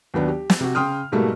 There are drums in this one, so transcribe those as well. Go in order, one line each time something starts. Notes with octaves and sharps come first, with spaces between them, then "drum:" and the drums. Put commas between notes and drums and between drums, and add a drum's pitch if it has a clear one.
D#2 F#3 B3 D4
G4
drum: snare
C3 F#4
C#3 G5 C6 D#6 F6
G#2 B2 G3 A3 A#3